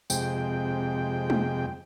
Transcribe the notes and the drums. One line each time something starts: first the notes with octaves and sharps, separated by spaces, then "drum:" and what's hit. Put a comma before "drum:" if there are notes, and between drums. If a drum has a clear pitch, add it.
F2 C3 G#3 G5, drum: tambourine
drum: tom